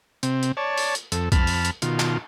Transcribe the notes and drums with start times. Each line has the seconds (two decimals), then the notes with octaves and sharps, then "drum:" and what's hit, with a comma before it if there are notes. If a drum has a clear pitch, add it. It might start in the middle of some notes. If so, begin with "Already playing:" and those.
0.23 C3 C4, drum: hi-hat
0.43 drum: hi-hat
0.57 C#5 D5 A5
0.78 drum: open hi-hat
0.95 drum: hi-hat
1.12 F2 A4, drum: hi-hat
1.32 F2 A5 B5 F6, drum: kick, hi-hat
1.47 drum: open hi-hat
1.65 drum: hi-hat
1.82 B2 D#3 F4, drum: hi-hat
1.99 drum: clap